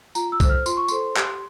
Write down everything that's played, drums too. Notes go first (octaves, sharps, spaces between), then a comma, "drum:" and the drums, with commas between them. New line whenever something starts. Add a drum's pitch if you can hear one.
F4 A#5, drum: tambourine
E6
A4 C5, drum: kick B1, tambourine
F6
F4 C6, drum: tambourine
C#6
A4 C5 C6, drum: tambourine
G4, drum: clap